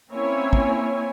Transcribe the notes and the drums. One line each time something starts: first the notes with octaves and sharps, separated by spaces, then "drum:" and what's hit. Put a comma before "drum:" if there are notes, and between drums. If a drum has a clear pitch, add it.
A#3 C4 C#4 E4 C#5 G#5
drum: kick